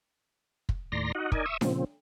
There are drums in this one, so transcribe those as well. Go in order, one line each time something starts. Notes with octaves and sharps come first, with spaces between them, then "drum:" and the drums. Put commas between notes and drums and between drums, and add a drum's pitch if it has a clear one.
drum: kick
D#2 A2 D5 A#5 C6 A#6
D#4 F#4 D#5 F#5
D#4 A#4 D5 D#5 G#5, drum: kick
E5 C#6 D#6 E6
A#2 C#3 F3 C4, drum: snare D4